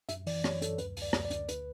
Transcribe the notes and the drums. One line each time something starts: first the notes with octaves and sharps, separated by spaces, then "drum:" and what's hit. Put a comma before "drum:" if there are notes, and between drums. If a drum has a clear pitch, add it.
F#2 E5, drum: hi-hat
E3 D5, drum: open hi-hat
F#2 C#5, drum: rim click
F#2 A4, drum: hi-hat
D2 B4, drum: hi-hat
D2, drum: open hi-hat
D5
D2, drum: rim click
D5
D2, drum: hi-hat
B4, drum: hi-hat